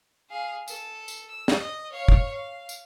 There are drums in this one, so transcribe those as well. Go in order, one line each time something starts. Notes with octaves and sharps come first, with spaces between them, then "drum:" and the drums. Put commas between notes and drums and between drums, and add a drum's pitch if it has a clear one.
G#4 F5
A4, drum: tambourine
drum: tambourine
E6
drum: snare
D#5
C#5 F5
drum: kick
F5
drum: tambourine